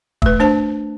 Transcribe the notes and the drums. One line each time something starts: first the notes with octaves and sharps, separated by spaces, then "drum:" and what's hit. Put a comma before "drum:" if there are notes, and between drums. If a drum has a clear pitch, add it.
A3 B4, drum: kick
A3 D4 C5 A5